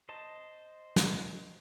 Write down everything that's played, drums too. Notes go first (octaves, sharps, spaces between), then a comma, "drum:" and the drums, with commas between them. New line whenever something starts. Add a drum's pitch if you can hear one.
C5 D#5 A5
drum: snare